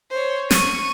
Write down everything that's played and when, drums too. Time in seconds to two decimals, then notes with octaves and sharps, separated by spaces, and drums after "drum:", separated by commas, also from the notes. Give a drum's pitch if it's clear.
0.11 C5 C#5
0.51 C#6 D#7, drum: snare